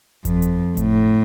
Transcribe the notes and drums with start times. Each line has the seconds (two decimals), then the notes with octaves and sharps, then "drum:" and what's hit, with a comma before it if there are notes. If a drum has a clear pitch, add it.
0.25 F2, drum: kick G1, hi-hat
0.42 drum: hi-hat
0.77 A2, drum: kick G1, hi-hat